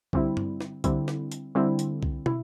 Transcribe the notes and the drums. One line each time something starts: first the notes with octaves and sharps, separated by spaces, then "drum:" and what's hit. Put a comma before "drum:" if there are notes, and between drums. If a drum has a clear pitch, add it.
D3 G3 C4 E4, drum: kick C2
drum: tom G2
drum: snare
D3 G3 C4 E4, drum: kick C2, hi-hat
drum: snare
drum: hi-hat
D3 G3 C4 E4
drum: hi-hat
drum: kick C2
E4, drum: tom